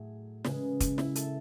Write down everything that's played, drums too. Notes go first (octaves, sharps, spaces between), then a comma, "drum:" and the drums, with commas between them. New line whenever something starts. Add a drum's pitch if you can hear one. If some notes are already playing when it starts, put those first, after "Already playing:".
Already playing: A2 F#3 A3 G#4
C#3 G#3 B4, drum: snare
drum: kick, hi-hat
E4, drum: snare
A4, drum: hi-hat